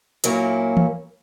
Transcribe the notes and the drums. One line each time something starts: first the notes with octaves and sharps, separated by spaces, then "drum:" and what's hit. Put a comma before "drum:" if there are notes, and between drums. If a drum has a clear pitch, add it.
A#2 F#3 A#3 C#4 E4, drum: hi-hat
drum: tom E3